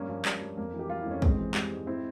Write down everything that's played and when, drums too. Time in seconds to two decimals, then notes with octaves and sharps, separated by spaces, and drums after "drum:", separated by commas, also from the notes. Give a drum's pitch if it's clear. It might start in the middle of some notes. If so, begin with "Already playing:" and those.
Already playing: G2 G3 A#3 C#4
0.09 F3
0.25 G2, drum: clap
0.41 F3
0.57 F2 A#3
0.74 E3
0.79 G4
0.90 G3 F4
1.01 E4
1.06 F2 C#4
1.22 G#2 G#3 C4, drum: kick
1.38 E3
1.54 G3, drum: clap
1.71 G#2
1.87 C4 E4